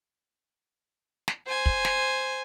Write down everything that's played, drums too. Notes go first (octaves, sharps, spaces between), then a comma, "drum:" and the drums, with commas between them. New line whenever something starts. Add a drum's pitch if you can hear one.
drum: snare
C5 G#5
drum: kick
drum: snare